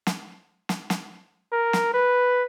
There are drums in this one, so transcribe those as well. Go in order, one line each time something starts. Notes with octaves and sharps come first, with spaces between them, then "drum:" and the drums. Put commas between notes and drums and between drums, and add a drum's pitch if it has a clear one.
drum: snare
drum: snare
drum: snare
A#4
drum: snare
B4